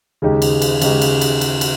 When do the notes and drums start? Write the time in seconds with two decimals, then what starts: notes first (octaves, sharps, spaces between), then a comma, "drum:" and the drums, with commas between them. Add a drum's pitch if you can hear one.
0.22 D#2 C#3 G#3 D#4 G4
0.42 drum: cymbal
0.62 drum: cymbal
0.82 C#3 G#3 D#4 G4, drum: cymbal
1.01 drum: cymbal
1.21 drum: cymbal
1.41 drum: cymbal
1.61 drum: cymbal